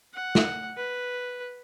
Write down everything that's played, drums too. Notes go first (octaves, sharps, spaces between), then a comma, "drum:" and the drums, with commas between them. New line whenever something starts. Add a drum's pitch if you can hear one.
F#5
drum: snare
B4